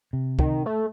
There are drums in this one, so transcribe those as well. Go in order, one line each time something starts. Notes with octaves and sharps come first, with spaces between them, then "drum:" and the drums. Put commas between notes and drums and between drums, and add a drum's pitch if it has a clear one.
C3
D#3, drum: kick
A3